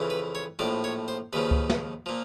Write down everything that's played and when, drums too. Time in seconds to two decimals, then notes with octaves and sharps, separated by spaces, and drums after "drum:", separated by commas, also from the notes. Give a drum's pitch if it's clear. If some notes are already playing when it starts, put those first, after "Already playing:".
Already playing: F2 C#3 E3
0.10 B4
0.35 C#5
0.59 A#1 A2 F3 D5
0.84 C#5
1.08 C5
1.33 D#2 C#3 F3 B4
1.51 drum: kick C#2
1.69 drum: snare
2.06 A#2 F3